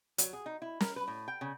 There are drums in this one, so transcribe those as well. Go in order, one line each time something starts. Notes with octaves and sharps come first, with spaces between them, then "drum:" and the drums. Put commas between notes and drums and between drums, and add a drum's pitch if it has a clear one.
F#3, drum: hi-hat
G#4
D#4
E4
A#4, drum: snare
B4
A2
G5
C#3